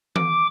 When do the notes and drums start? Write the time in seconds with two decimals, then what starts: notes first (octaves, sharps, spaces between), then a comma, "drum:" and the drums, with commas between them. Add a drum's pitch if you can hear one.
0.16 D6, drum: tom E3